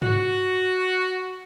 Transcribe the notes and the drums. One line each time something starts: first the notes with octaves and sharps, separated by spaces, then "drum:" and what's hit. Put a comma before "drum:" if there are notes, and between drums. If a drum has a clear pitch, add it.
F#4, drum: tom